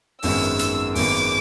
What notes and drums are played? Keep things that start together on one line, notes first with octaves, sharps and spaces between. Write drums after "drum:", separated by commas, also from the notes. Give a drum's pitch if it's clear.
G#1 F#2 D#3 G#3 B3 E6, drum: open hi-hat
drum: hi-hat
G#1 F#2 D#3 G#3 B3 D6, drum: open hi-hat